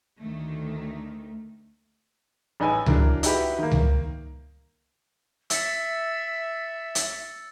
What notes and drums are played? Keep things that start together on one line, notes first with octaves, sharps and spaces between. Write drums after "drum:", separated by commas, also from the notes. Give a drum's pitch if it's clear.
D2 D#3 A3
A1 D#4 B4 G#5 E6
E3 F#3 D4 A#4, drum: tom C#2
D#4 E4 F#4 G4 B4, drum: hi-hat
D#3 A#3
drum: tom C#2
E5 E6 A6 C#7, drum: hi-hat
drum: hi-hat